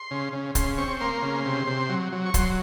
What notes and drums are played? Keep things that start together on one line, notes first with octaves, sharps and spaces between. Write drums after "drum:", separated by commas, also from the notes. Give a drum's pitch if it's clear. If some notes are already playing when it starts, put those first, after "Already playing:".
Already playing: C6
C#3
C#3
C#3 C6, drum: kick C#1, hi-hat
C4 C#6
A#3 C6
C#3
C3
C3
F#3
F#3
C#6
F#3 C6, drum: kick C#1, hi-hat